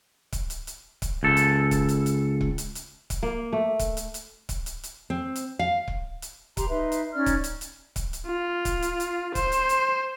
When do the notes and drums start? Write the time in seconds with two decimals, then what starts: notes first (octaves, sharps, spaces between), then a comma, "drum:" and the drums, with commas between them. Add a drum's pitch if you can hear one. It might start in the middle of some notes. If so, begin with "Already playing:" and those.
0.33 drum: kick C#1, hi-hat
0.50 drum: hi-hat
0.67 drum: hi-hat
1.02 drum: kick C#1, hi-hat
1.23 C#2 A4
1.37 drum: hi-hat
1.71 drum: kick C#1, hi-hat
1.89 drum: hi-hat
2.06 drum: hi-hat
2.41 drum: kick C#1
2.58 drum: hi-hat
2.75 drum: hi-hat
3.10 drum: kick C#1, hi-hat
3.23 A#3
3.53 A3
3.79 drum: kick C#1, hi-hat
3.97 drum: hi-hat
4.14 drum: hi-hat
4.49 drum: kick C#1, hi-hat
4.66 drum: hi-hat
4.84 drum: hi-hat
5.10 C4
5.36 drum: hi-hat
5.59 F5
5.88 drum: kick C#1
6.22 drum: hi-hat
6.57 G4 A#5 C6, drum: kick C#1, hi-hat
6.70 D#4 B4 E5 C6
6.92 drum: hi-hat
7.14 C#4 D#4 D5 F6
7.26 drum: kick C#1, hi-hat
7.44 drum: hi-hat
7.61 drum: hi-hat
7.96 drum: kick C#1, hi-hat
8.13 drum: hi-hat
8.27 F4
8.65 drum: kick C#1, hi-hat
8.82 drum: hi-hat
9.00 drum: hi-hat
9.35 C5, drum: kick C#1, hi-hat
9.52 drum: hi-hat
9.69 drum: hi-hat